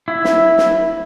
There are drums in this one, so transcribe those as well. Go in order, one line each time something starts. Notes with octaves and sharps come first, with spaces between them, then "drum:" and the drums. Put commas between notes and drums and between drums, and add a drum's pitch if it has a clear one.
E4
drum: snare
drum: snare